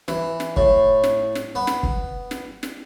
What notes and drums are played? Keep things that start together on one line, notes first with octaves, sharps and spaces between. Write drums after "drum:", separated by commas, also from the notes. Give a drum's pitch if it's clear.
E3, drum: snare
drum: snare
A2, drum: kick
drum: snare
drum: snare
B3
drum: snare
drum: kick
drum: snare
drum: snare